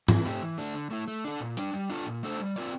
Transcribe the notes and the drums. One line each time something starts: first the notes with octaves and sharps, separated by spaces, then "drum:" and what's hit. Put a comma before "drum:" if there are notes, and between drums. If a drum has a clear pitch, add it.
E3, drum: tom G#2
A3 C4 G4
E3
A3 D4
D3
A3 E4
A3
D4 A4
A#2
G3 D4, drum: hi-hat
G3
D4 F4 A4
A#2
A3 D4 A4 C5
G3
C4 F4 A#4 D5